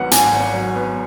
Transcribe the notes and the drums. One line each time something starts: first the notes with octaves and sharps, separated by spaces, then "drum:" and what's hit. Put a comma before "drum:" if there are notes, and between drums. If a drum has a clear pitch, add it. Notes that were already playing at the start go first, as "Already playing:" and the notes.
Already playing: G#1 G#2 F#3 B3 F#5
G#2 G#5, drum: hi-hat
G#1
F#3
B3